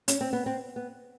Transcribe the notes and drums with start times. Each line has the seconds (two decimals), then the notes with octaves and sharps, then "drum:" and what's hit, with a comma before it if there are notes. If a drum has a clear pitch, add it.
0.08 C#4, drum: hi-hat
0.21 C4
0.33 B3
0.46 C4
0.76 B3